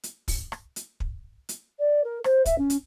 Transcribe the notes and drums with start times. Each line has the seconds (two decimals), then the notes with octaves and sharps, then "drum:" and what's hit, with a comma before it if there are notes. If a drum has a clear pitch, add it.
0.03 drum: hi-hat
0.28 drum: kick, open hi-hat
0.52 drum: rim click
0.76 drum: hi-hat
1.00 drum: kick
1.49 drum: hi-hat
1.79 D5
2.04 A#4
2.24 C5, drum: rim click
2.46 E5, drum: kick, hi-hat
2.58 C#4
2.70 drum: hi-hat